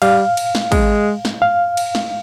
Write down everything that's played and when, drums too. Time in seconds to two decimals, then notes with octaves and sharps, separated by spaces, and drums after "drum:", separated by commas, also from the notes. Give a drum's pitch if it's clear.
0.02 G3 F5, drum: cymbal
0.37 drum: cymbal
0.55 drum: snare
0.72 G#3, drum: kick, cymbal
1.25 drum: snare
1.42 F5
1.77 drum: cymbal
1.95 drum: snare